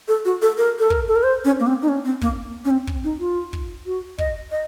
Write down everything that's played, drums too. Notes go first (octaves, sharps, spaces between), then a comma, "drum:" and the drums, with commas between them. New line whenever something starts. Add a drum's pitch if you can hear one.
A4
F#4
A4
A#4
A4
A#4, drum: kick
A4
A#4
C5
C#4
A#3
C4
D#4
C#4
C4
A#3, drum: kick
C#4
C4
drum: kick
D#4
F4
drum: kick
F#4
D#5, drum: kick
D#5